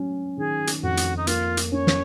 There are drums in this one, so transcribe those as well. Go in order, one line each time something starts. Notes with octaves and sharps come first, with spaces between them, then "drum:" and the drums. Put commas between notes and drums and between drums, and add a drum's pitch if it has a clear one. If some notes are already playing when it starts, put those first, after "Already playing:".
Already playing: F#3 C#4
D#3 G#4
drum: hi-hat
F2 F#4
drum: hi-hat
D#4
A#3 F4, drum: hi-hat
drum: hi-hat
C#4 C#5
drum: snare